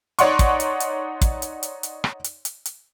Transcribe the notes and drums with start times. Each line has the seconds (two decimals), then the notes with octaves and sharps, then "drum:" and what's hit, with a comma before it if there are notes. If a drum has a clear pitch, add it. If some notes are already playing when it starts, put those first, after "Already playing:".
0.19 D#4 C#5 D5 F#5 C6 C#6, drum: hi-hat
0.39 drum: kick, hi-hat
0.60 drum: hi-hat
0.80 drum: hi-hat
1.21 drum: kick, hi-hat
1.42 drum: hi-hat
1.63 drum: hi-hat
1.83 drum: hi-hat
2.04 drum: rim click
2.24 drum: hi-hat
2.45 drum: hi-hat
2.66 drum: hi-hat